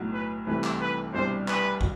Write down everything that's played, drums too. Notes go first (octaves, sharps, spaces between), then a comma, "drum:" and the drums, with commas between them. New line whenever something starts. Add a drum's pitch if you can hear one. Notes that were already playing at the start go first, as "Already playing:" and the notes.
Already playing: B1 A2 F#3
B4
C2 C3 E3 A3 B4
drum: clap
B4
C2 B2 G3 D4 C5
B4, drum: clap
F#4, drum: kick